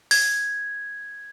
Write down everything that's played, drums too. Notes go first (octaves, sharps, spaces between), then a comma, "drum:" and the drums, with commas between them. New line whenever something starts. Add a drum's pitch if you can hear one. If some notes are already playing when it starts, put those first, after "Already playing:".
G#6, drum: open hi-hat